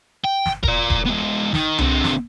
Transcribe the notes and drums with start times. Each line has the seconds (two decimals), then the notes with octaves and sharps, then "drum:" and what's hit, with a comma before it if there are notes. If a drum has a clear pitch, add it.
0.24 G5
0.46 drum: snare
0.63 A#4 D5, drum: kick E1
0.90 drum: kick E1
1.06 G#3 B3
1.54 D#3, drum: snare
1.78 D3 C4, drum: tom C2
2.04 drum: snare